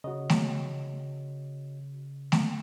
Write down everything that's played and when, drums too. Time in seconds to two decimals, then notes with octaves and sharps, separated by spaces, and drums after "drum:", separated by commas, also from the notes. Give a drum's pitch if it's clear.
0.04 C#3 F#4 C#5 D#5
0.30 drum: snare A3
2.32 drum: snare A3